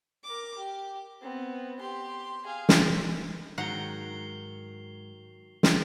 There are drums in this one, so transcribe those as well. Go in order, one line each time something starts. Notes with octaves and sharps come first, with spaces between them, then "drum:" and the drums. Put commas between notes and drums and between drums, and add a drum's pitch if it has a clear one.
A#4 D6
G4
B3 C4
G4 C6
G#4 F5
drum: snare
G#2 D#3 F#3 F#5 C7 F7 G7
drum: snare